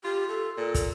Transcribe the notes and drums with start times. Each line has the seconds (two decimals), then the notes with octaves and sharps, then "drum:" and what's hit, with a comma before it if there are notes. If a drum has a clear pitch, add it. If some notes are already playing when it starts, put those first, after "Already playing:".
0.04 F4 G4
0.29 A4
0.57 A#2 A4
0.74 drum: kick, hi-hat